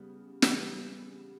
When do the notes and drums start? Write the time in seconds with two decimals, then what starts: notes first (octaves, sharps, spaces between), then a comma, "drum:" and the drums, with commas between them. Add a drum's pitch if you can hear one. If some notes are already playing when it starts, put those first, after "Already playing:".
Already playing: C#3 G3 B3
0.42 C#3 E3 G3 B3, drum: snare